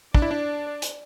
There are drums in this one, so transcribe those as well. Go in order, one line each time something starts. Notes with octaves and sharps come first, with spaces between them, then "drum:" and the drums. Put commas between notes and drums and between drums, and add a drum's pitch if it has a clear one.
D4 D5, drum: kick
E4
D4
drum: hi-hat